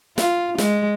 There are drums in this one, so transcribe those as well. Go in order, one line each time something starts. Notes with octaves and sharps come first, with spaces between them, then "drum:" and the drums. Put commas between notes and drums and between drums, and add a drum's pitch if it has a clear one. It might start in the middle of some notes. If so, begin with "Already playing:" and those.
F4, drum: snare
G#3, drum: snare